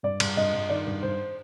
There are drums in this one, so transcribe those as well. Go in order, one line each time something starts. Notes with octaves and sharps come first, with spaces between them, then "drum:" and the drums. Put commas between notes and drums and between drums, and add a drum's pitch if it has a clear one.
G2 D5
G2, drum: cymbal
G2 D#5
G2
D#3 D5
G2
G2 C5